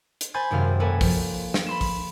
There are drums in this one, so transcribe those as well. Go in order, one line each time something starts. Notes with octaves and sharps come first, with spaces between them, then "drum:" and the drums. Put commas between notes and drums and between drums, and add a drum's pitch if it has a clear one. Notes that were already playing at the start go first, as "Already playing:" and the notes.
drum: hi-hat
C5 G#5 B5 C6 G6 A6
G#1 F#2 C3 F5 C6
A#3 F#4 A4 B4 C#5 G#5
F3, drum: kick, open hi-hat
drum: snare
B5 C6 E7
drum: kick, open hi-hat